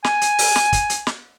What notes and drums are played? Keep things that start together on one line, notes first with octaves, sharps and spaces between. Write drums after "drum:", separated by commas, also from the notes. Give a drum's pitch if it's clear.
G#5, drum: snare
drum: hi-hat
drum: open hi-hat
drum: snare
drum: kick, hi-hat
drum: hi-hat
drum: snare